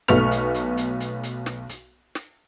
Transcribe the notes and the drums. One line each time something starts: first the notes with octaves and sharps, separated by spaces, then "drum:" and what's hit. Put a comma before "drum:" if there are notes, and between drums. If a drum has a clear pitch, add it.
B1 A3 B3 C#6 F6 F7, drum: snare
drum: hi-hat
drum: hi-hat
drum: hi-hat
drum: hi-hat
drum: hi-hat
drum: snare
drum: hi-hat
drum: snare